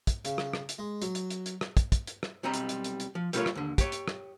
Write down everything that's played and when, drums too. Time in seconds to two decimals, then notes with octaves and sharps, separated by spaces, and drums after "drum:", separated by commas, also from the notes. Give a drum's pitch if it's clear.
0.07 drum: kick, hi-hat
0.25 C#3, drum: hi-hat
0.38 drum: rim click
0.53 drum: rim click
0.69 drum: hi-hat
0.79 G#3
1.02 F#3, drum: hi-hat
1.15 drum: hi-hat
1.30 drum: hi-hat
1.46 drum: hi-hat
1.61 drum: rim click
1.77 drum: kick, hi-hat
1.92 drum: kick, hi-hat
2.07 drum: hi-hat
2.23 drum: rim click
2.43 B1 G3 C4 D#5 A#5
2.54 drum: hi-hat
2.69 drum: hi-hat
2.84 drum: hi-hat
3.00 drum: hi-hat
3.15 F3
3.33 G3 A3 B3 F4 A#4 C#5, drum: hi-hat
3.46 drum: rim click
3.55 D#2 D3
3.78 G4 C#5, drum: kick, hi-hat
3.92 drum: hi-hat
4.08 drum: rim click